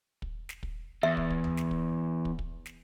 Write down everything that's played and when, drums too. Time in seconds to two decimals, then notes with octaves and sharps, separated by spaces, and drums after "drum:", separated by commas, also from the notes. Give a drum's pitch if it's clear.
0.22 drum: kick
0.49 drum: snare
0.63 drum: kick
1.03 E2 E5
1.17 drum: kick
1.30 drum: kick
1.44 drum: tom D2
1.57 drum: snare
1.71 drum: kick
2.25 drum: kick
2.39 drum: kick
2.66 drum: snare